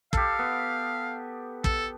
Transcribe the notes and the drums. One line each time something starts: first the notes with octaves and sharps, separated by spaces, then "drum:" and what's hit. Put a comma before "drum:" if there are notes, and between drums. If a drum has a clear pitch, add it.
G4 A4 F5, drum: kick
B3
A4, drum: kick